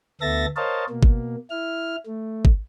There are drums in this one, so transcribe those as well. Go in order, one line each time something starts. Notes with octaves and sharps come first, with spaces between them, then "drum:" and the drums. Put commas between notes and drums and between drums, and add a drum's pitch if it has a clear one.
D2 B3 A4 E5 A6 A#6
A#4 C5 C#5 D#5 F5 A5
B2 A#3
drum: kick
E4 F6
A3
drum: kick